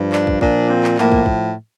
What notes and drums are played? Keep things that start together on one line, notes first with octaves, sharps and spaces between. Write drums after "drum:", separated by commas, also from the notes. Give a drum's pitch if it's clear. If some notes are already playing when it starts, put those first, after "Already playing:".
Already playing: G2 F3
D4, drum: clap
drum: kick
A#2 F3 D4, drum: kick
C4
drum: clap
A2 F3 A#3, drum: clap
drum: kick
drum: kick